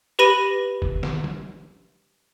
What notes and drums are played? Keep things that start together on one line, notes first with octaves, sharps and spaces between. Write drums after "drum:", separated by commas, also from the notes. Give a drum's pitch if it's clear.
G4 B4 B5 A#6 D#7
drum: kick
drum: snare
drum: tom F3